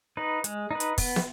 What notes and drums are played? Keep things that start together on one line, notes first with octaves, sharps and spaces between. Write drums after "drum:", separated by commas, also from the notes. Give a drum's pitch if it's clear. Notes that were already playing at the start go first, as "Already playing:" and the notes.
D#4 B4
G#3, drum: hi-hat
D#4 B4
drum: hi-hat
B3, drum: kick, open hi-hat
drum: snare